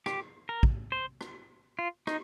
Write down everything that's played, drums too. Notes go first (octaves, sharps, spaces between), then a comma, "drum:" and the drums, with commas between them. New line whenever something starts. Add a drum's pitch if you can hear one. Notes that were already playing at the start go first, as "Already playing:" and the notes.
G4, drum: rim click
A#4
drum: kick
C5
drum: rim click
F4
D#4, drum: rim click